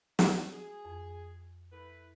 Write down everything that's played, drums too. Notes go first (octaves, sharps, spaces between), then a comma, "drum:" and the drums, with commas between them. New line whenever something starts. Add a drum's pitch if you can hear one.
D4 F#4, drum: snare
G#4
F2
A3 E4 B4